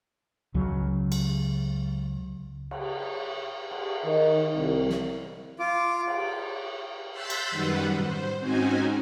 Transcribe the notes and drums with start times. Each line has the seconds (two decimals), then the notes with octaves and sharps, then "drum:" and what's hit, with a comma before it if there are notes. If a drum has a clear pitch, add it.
0.54 C#2 C#3 F#3
1.12 drum: cymbal
2.71 drum: cymbal
3.71 drum: cymbal
4.04 D#3
4.55 C2
4.89 drum: snare
5.59 F4 D6
6.07 drum: cymbal
7.11 C6 E6 F#6 G6 A6 B6
7.30 drum: cymbal
7.51 F#2 D#3 G3 B4 F#5
7.99 C5, drum: tom
8.40 G#2 C4 C#4 D#4 F#4 G#5